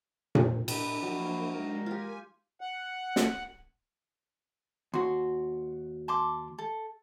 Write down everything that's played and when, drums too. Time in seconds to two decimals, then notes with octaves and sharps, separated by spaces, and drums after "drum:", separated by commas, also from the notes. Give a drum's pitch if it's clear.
0.35 F2 A#4 C5, drum: tom A#2
0.68 D4 G4 B4 B5, drum: cymbal
1.02 F3 F#3 A#3
1.52 G3 G#3 D#4 A#4
1.86 F4 G4 G#5
2.61 F#5
3.16 drum: snare
4.94 D#2 F#4 C6
6.08 A5 C6 D6
6.59 A4